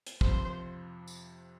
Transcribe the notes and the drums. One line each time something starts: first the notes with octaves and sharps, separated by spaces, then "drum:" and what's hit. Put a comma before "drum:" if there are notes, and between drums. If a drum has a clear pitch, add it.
drum: hi-hat
F2 C3 F3 C5, drum: kick
drum: tambourine